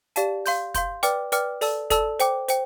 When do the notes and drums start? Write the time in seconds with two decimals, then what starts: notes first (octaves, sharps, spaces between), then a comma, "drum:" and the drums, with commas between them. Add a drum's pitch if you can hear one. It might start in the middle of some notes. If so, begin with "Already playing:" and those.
0.16 G4 D5 F5 A5, drum: hi-hat
0.46 F5 C6 G6, drum: open hi-hat
0.74 F5 C6 G6, drum: kick, hi-hat
1.03 B4 D5 G5 D6 F6, drum: hi-hat
1.32 B4 D5 G5 D6 F6, drum: hi-hat
1.61 A4 D5 A5 E6, drum: open hi-hat
1.90 A4 D5 A5 E6, drum: kick, hi-hat
2.19 C5 G5 D6, drum: hi-hat
2.48 C5 G5, drum: hi-hat